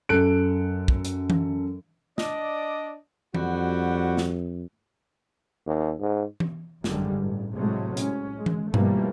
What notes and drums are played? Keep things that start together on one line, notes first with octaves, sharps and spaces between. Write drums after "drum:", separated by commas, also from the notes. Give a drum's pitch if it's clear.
F#2 A4 F#6 D7
drum: kick
drum: hi-hat
drum: tom E3
D4 D5 D#5, drum: snare
F2 G3 F#4, drum: tom E3
drum: snare
D#2
G#2
drum: tom E3
G#1 F#2 D3 G3 G#3, drum: snare
A1 G2
A2 C3 F#3 G#3 A3
C#4, drum: hi-hat
G#3
drum: tom E3
B2 E3 F3 G3 A3 A#3, drum: tom G2